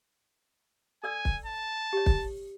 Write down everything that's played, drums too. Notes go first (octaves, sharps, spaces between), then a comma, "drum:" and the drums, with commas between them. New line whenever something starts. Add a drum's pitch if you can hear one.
A4 D5 G#5 E6
drum: kick
A5
G4 C#5
drum: kick